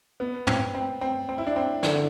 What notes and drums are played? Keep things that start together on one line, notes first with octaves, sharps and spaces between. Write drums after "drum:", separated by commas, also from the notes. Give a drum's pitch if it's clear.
B3
C4, drum: tom
C4
C4
C4
E4
D4
C4
D3, drum: snare